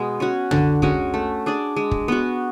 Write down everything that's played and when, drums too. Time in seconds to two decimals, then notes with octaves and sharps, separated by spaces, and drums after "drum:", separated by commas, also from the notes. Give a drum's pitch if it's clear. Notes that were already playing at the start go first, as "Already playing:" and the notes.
Already playing: B2 G#3 B3
0.20 C#4 F#4
0.51 D3, drum: tom
0.82 G#3 C#4 F#4, drum: kick
1.14 A3
1.46 D4 G#4 D5
1.77 G#3
1.91 drum: kick
2.08 B3 F#4